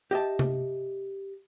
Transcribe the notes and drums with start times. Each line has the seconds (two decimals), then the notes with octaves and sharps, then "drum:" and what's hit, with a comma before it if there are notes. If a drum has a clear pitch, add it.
0.11 G4 D#5 E5 A5
0.39 drum: tom C3